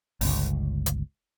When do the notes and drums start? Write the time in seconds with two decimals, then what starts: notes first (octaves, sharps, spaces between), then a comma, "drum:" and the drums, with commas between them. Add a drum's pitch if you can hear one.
0.21 G1 C#2, drum: open hi-hat
0.86 drum: hi-hat